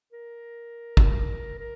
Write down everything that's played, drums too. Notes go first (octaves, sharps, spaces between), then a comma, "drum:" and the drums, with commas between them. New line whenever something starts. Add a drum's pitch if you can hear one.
A#4
drum: kick
A#4